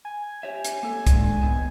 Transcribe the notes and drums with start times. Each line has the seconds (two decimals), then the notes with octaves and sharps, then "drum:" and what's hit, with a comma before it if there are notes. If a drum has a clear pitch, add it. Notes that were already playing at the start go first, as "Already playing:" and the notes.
0.05 G#5
0.43 G4 C#5 E5
0.65 drum: hi-hat
0.83 A#3 A4
1.07 D3 G#3, drum: kick C2, hi-hat
1.41 D#3 B3